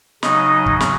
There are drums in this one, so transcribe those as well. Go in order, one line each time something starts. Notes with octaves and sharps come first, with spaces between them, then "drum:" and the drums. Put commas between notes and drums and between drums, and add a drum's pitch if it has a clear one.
C#3 F#3 D#4 D#5, drum: snare
drum: kick
drum: snare